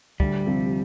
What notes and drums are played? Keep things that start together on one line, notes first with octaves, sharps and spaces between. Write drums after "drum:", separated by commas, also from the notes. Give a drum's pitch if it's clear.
D2 G3, drum: kick
C3 F3 C4 G4